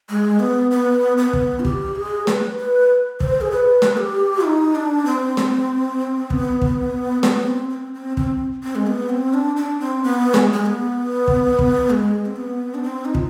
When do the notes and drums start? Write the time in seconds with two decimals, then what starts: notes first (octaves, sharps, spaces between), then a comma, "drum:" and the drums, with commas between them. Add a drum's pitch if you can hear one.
0.09 G#3
0.40 B3
0.71 B3
1.17 B3
1.33 drum: kick
1.60 F4
1.65 G4, drum: kick
1.96 G#4
2.27 B4, drum: snare
2.58 B4
3.20 C5, drum: kick
3.41 G#4
3.51 B4
3.82 drum: snare
3.97 G4
4.45 D#4
4.75 D4
5.06 C4
5.37 drum: snare
6.30 B3, drum: kick
6.62 drum: kick
7.23 B3, drum: snare
7.47 C4
7.70 C4
7.94 C4
8.17 C4, drum: kick
8.63 C4
8.75 G#3
8.87 B3
9.10 C4
9.34 D4
9.56 D4
9.80 C4
10.04 B3
10.34 G#3, drum: snare
10.53 G#3
10.66 B3
11.28 drum: kick
11.59 drum: kick
11.90 G#3
12.26 C4
12.36 B3
12.74 D4
12.83 C4
13.05 D#4
13.15 F4, drum: kick